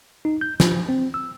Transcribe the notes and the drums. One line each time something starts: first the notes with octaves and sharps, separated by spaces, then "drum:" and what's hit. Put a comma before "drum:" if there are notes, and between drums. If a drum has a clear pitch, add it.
D#4
G6
F3, drum: snare
C4
E6